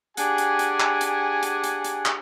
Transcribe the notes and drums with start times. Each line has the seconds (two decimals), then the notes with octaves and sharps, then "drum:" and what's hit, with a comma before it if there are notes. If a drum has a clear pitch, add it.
0.17 D4 G4 G#4 F#5 G#5, drum: hi-hat
0.38 drum: hi-hat
0.59 drum: hi-hat
0.80 drum: clap
1.01 drum: hi-hat
1.43 drum: hi-hat
1.64 drum: hi-hat
1.84 drum: hi-hat
2.05 drum: clap